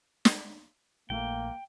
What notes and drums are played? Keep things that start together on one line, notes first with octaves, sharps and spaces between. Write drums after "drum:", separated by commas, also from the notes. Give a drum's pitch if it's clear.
drum: snare
A#1 A3 A#3 G5